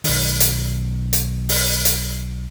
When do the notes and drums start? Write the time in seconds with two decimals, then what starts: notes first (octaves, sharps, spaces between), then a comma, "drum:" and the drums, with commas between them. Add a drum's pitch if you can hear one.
0.04 B1 D#3, drum: open hi-hat
0.40 drum: hi-hat
1.13 drum: hi-hat
1.49 drum: open hi-hat
1.85 drum: hi-hat